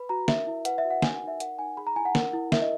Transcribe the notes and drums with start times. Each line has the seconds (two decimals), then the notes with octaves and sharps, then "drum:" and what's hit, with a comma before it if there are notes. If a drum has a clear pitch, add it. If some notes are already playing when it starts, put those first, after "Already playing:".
Already playing: B4 B5
0.09 F#4 A#5
0.28 A#4 E5, drum: snare
0.47 E4
0.65 B4 F#5, drum: hi-hat
0.78 E5
0.84 F#4
0.90 F#5
1.02 A#4 G#5, drum: snare
1.15 F#5
1.22 D#4
1.28 E5
1.40 A#4 F#5, drum: hi-hat
1.59 D#4 G#5
1.77 G#4 B5
1.87 A#5
1.96 E4 G#5
2.05 F#5
2.15 A#4, drum: snare
2.33 E4
2.52 A#4 E5, drum: snare
2.62 D#5